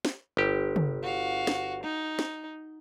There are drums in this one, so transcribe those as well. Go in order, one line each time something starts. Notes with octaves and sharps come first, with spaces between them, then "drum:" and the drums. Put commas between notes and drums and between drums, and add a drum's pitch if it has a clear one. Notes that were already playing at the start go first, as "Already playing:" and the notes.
drum: snare
G1 G4
drum: tom
F#4 F5
drum: snare
D#4
drum: snare